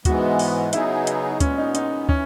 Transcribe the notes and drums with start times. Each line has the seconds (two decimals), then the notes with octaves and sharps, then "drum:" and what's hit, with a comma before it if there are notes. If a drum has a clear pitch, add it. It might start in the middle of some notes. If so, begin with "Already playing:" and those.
0.05 G#2 E3 G#3 B3 F#4, drum: kick, hi-hat
0.39 drum: open hi-hat
0.73 C#3 F#3 B3 D#4 E4 G#4, drum: hi-hat
1.07 drum: hi-hat
1.40 A#2 G#3 B3 C#4, drum: kick, hi-hat
1.58 D#4
1.75 D#4, drum: hi-hat
2.09 E3 C#4, drum: kick